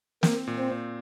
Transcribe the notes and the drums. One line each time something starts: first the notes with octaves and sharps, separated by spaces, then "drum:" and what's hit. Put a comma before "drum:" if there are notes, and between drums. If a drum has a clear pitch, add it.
A#3 C4, drum: snare
A#2
C4
A#2